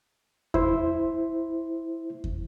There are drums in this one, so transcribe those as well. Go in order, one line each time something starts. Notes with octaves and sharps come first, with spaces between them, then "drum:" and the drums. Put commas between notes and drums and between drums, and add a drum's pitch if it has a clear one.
E4 C5, drum: kick E2
drum: kick E2